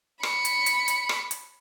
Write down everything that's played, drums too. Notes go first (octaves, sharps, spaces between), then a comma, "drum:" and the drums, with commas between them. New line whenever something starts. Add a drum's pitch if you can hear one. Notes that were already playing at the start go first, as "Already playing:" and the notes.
B5 C#7, drum: rim click
drum: hi-hat
drum: hi-hat
drum: hi-hat
drum: rim click
drum: hi-hat